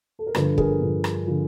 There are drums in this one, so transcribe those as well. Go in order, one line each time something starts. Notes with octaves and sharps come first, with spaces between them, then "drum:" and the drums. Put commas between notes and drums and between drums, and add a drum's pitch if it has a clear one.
A4
A#4
G2 D3 F3 A4 B4, drum: rim click
G#4 A#4, drum: kick
G2 D3 F3
drum: rim click
D3 F3